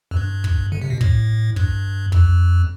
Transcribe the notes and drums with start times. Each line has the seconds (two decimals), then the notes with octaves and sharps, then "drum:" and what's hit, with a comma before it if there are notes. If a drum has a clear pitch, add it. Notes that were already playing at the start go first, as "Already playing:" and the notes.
0.11 F2
0.17 G2
0.44 drum: kick
0.72 D3
0.82 C3
0.90 B2
1.01 A2, drum: kick
1.56 G2, drum: kick
2.12 F2, drum: kick